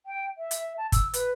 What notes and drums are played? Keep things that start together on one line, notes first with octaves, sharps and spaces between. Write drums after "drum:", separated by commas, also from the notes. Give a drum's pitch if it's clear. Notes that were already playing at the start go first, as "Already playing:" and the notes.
G5
E5
drum: hi-hat
A5
E6, drum: kick, hi-hat
B4, drum: hi-hat